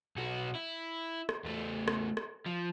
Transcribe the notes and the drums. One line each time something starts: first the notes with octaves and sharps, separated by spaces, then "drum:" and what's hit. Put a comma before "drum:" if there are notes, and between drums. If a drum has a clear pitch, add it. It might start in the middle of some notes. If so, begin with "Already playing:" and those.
B1 F#4
E4
drum: rim click
E2 A3
drum: rim click
drum: rim click
F3